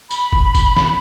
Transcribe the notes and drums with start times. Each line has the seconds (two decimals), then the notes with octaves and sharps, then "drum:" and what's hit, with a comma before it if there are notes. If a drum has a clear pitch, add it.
0.11 B5, drum: tambourine
0.33 drum: kick
0.55 drum: kick, tambourine
0.77 drum: snare